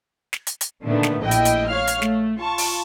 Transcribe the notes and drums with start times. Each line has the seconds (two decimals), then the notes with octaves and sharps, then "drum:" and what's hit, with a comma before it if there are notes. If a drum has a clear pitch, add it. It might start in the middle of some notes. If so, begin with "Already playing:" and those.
0.33 drum: snare
0.47 drum: hi-hat
0.61 drum: hi-hat
0.83 A#2 D3 D#3 A3 B3
1.03 drum: snare
1.20 A#1 A2 E4 D#5 G5
1.31 drum: hi-hat
1.45 drum: hi-hat
1.67 C#5 F5 F6
1.88 drum: hi-hat
2.02 A3, drum: snare
2.38 F4 A5 C#6
2.58 drum: open hi-hat